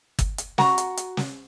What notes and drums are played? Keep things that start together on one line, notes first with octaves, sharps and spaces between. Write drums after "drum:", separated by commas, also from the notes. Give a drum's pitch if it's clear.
drum: kick, hi-hat
drum: hi-hat
F#4 F#5 A#5, drum: snare
drum: hi-hat
drum: hi-hat
drum: snare